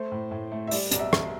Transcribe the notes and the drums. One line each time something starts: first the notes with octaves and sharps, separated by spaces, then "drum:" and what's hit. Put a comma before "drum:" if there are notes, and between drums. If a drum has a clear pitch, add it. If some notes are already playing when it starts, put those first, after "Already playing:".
Already playing: A3 C5
A2
A2
A3
E5
G3 D5, drum: open hi-hat
B1 D5, drum: hi-hat
E5
B1, drum: rim click